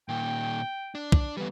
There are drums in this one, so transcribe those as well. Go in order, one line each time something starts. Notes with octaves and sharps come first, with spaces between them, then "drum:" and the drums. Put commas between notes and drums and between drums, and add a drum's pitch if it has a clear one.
A#2 D#3 G5
D4
drum: kick
E3 G3 B3